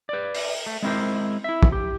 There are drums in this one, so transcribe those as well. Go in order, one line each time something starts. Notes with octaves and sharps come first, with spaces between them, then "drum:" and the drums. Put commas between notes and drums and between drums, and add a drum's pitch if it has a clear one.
B4 D5
drum: open hi-hat
A3
G#3 C4 E4 A#4 C5
E4 E5
drum: kick
G4